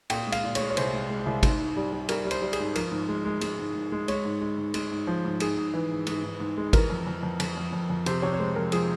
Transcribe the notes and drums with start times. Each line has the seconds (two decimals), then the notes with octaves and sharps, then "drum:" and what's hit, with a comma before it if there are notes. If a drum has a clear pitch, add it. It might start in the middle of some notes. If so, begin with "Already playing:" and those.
0.10 A#2 G5, drum: cymbal
0.27 G#3
0.32 F5, drum: cymbal
0.44 A#2
0.55 C#5, drum: cymbal
0.60 G#3
0.70 C#5
0.77 C2 C5, drum: cymbal
0.94 G#3
1.10 G#3
1.26 C2
1.43 G#2, drum: kick G#1, cymbal
1.59 G#2
1.77 G3
1.93 G3
2.09 G3 A#4, drum: cymbal
2.25 G3
2.31 C5, drum: cymbal
2.42 G3
2.53 G#4, drum: cymbal
2.59 G#2
2.75 F3 A#4, drum: cymbal
2.92 G#2
3.09 G#3
3.25 G#3
3.41 G#3, drum: cymbal
3.59 G#2
3.75 G#2
3.92 G#3
4.08 G#3 C#5, drum: cymbal
4.25 G#2
4.41 G#3
4.58 G#2
4.74 G#3, drum: cymbal
4.91 G#2
5.07 F3
5.25 G#2
5.40 G#2 G#4, drum: cymbal
5.57 G#2
5.74 E3
5.91 G#2
6.07 G#2, drum: cymbal
6.23 G#2
6.40 G#2
6.58 G#3
6.73 E3 A#4, drum: kick G#1, cymbal
6.90 F2
7.07 F2
7.23 F2
7.40 F2, drum: cymbal
7.57 F2
7.73 F2
7.90 F2
8.06 C3 C5, drum: cymbal
8.22 C3 C#5
8.33 C#5
8.40 G#3 C5
8.56 F2 A#4
8.72 F3 G#4, drum: cymbal